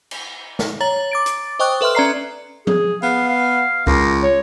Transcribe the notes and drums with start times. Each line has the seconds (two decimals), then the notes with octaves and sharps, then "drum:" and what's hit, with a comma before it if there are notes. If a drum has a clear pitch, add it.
0.11 drum: cymbal
0.59 drum: snare
0.80 C#5 A#5 A6 F#7
1.12 D6 A6 D7
1.26 drum: hi-hat
1.59 C5 D#5 G5 C#6 D#6 F#6
1.81 A4 B4 E5 C6 F6
1.95 C#4 D5 A#5 C7
2.67 G#4, drum: tom F3
3.03 B3 F5
3.28 F5
3.87 C#2 A#4, drum: kick C#2
4.23 C#5